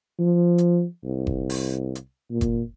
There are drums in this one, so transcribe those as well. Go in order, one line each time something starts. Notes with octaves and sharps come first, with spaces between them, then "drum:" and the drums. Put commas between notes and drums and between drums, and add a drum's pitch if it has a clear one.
F3
drum: hi-hat
C2
drum: kick F#1
drum: open hi-hat
drum: hi-hat
A#2
drum: kick F#1, hi-hat